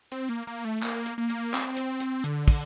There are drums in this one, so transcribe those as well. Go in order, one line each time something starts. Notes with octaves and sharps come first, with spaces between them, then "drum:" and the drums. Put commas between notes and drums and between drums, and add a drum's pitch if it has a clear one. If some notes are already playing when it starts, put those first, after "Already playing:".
C4, drum: hi-hat
A#3
A#3
A3
A#3, drum: clap
drum: hi-hat
A#3
drum: hi-hat
C4, drum: clap
drum: hi-hat
drum: hi-hat
D3, drum: hi-hat
drum: kick, open hi-hat